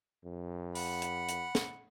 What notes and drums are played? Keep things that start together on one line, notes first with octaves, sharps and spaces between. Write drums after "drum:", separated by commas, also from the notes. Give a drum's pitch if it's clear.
F2
F#5 B5, drum: open hi-hat
drum: hi-hat
drum: hi-hat
drum: snare